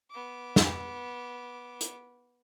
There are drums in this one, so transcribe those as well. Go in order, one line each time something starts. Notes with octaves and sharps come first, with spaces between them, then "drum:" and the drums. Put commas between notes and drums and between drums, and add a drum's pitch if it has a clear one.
B3 D6
drum: snare
drum: hi-hat